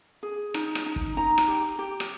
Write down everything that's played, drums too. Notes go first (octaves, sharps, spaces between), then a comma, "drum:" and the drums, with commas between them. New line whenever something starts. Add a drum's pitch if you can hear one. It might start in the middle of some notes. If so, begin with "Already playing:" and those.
G#4
D#4, drum: rim click
drum: rim click
D#4
drum: kick F#1
D#4 A#5
drum: rim click
G4
G4
drum: rim click